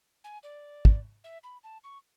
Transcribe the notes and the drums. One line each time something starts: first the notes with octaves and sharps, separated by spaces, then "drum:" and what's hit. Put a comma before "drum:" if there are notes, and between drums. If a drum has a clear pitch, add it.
G#5
D5
drum: kick
E5
B5
A5
C#6